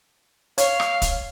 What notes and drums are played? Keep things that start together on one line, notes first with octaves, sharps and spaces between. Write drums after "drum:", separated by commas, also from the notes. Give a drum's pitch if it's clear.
C#5 F5, drum: hi-hat
drum: rim click
drum: kick, hi-hat